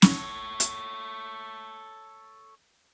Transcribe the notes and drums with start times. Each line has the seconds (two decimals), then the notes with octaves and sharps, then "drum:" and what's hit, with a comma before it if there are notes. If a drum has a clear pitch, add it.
0.02 A4 C#5, drum: snare
0.60 drum: hi-hat